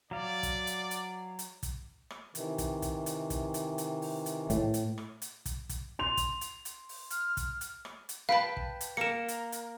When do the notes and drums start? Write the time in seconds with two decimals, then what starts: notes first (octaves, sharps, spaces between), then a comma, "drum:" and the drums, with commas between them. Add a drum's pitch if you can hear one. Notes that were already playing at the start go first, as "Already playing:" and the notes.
0.11 F#3 D5 F5
0.43 drum: kick, hi-hat
0.67 drum: hi-hat
0.91 drum: hi-hat
1.39 drum: hi-hat
1.63 drum: kick, hi-hat
2.10 drum: rim click
2.35 C3 D#3 E3, drum: hi-hat
2.58 drum: kick, hi-hat
2.82 drum: kick, hi-hat
3.06 drum: hi-hat
3.30 drum: kick, hi-hat
3.54 drum: hi-hat
3.78 drum: hi-hat
4.02 drum: open hi-hat
4.26 drum: hi-hat
4.50 A2, drum: kick, hi-hat
4.74 drum: hi-hat
4.98 drum: rim click
5.22 drum: hi-hat
5.46 drum: kick, hi-hat
5.69 drum: kick, hi-hat
5.99 C6 F7
6.17 drum: kick, hi-hat
6.41 drum: hi-hat
6.65 drum: hi-hat
6.89 drum: open hi-hat
7.10 F6, drum: hi-hat
7.37 drum: kick, hi-hat
7.61 drum: hi-hat
7.85 drum: rim click
8.09 drum: hi-hat
8.29 B4 F5 G5 A5 B5
8.57 drum: kick
8.81 drum: hi-hat
8.97 A#3 A#4 C#7 E7
9.28 drum: hi-hat
9.52 drum: hi-hat